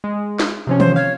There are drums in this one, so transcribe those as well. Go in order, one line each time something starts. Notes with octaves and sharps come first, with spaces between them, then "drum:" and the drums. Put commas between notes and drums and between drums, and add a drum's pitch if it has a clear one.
G#3
drum: snare
C3 F3 C#4
C5, drum: tom D#3
C#5 F5